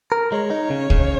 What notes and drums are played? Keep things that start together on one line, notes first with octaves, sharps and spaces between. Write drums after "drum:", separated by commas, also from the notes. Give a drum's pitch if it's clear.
A#4
G#3 C#5
D#4
C#3
C#3, drum: kick C2